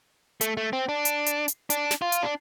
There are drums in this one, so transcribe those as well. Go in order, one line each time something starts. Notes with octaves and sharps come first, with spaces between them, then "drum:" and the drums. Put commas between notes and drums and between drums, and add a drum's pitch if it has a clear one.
A3, drum: hi-hat
A3
C4
D4
drum: hi-hat
drum: hi-hat
drum: hi-hat
D4, drum: hi-hat
drum: snare
F4
drum: hi-hat
D4